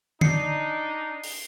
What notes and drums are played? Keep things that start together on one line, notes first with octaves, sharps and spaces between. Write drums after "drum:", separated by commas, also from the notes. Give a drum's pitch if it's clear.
D4 D#4 C7 C#7, drum: tom D3
drum: open hi-hat